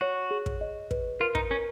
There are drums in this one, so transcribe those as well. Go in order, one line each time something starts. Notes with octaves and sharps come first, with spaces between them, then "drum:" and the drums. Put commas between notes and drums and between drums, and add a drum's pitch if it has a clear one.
F#4 C#5
G#4
drum: kick
D#5
B4, drum: kick
F4 A#4
D#4, drum: kick
C#4 A#4